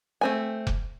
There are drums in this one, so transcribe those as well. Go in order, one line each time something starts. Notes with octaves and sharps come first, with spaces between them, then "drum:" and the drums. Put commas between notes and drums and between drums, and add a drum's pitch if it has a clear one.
A3 C4 G#5
drum: kick F1